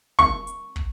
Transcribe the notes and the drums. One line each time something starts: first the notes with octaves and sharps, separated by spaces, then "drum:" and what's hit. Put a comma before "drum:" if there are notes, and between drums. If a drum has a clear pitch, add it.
C#6, drum: kick
drum: hi-hat
drum: kick